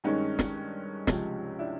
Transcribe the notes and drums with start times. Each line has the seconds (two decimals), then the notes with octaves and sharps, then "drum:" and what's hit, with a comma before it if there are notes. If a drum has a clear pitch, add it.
0.04 G2 D#3 G#3 C#4 D#4
0.39 drum: snare
1.07 C#2 C3 F3 G#3, drum: snare
1.59 D4 E4